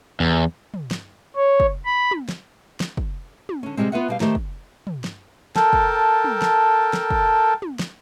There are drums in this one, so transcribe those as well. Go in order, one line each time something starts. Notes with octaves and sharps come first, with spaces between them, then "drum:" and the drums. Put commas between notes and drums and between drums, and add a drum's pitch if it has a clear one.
E2
drum: tom
drum: snare
C#5
drum: kick
B5
drum: tom
drum: snare
drum: snare
drum: kick
drum: tom
D3 C#4
C3 E3 G3 G#3 C4
B3 F4 B4 E5 F#5
B2 G3 F5
D#3 A3 G4 C5, drum: snare
drum: kick
drum: tom
drum: snare
A4 A#4 G5 A5, drum: snare
drum: kick
drum: tom
drum: snare
drum: snare
drum: kick
drum: tom
drum: snare